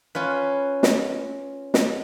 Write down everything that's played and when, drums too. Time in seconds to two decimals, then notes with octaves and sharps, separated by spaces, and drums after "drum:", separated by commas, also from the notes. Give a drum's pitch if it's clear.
0.15 C#4 F4 B4
0.83 drum: snare
1.74 drum: snare